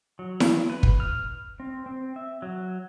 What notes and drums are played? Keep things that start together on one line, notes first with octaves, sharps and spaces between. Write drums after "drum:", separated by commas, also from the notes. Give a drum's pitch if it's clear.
F#3
drum: snare E4
B4
drum: kick
F6
C4
C4
E5
F#3